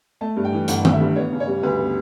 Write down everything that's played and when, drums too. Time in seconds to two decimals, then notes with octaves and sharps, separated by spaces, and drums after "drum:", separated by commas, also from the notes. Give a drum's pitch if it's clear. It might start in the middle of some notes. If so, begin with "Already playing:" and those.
0.21 A3 A5
0.36 G2
0.45 G5
0.53 E3
0.68 G1 F#5, drum: hi-hat
0.85 A3, drum: tom D#3
0.93 E5
1.01 G2
1.16 B3 C#5
1.32 C#3
1.40 C#5
1.47 G3
1.63 D2 B4
1.79 B3